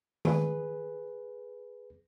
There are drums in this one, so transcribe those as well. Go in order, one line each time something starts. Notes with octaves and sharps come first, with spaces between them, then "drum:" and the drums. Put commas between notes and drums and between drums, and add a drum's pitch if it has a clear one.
G#4 B4, drum: tom D#3